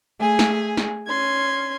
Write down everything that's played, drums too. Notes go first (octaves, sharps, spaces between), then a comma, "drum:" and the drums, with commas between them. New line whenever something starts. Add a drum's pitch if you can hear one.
A3 G#4 G#5
drum: snare
drum: snare
C#4 C6 G#6